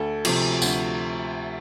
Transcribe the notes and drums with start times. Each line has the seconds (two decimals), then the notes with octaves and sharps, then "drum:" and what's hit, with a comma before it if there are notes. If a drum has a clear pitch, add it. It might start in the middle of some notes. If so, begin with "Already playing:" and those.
Already playing: D2 A4
0.25 C3 F3, drum: cymbal
0.62 D2, drum: tambourine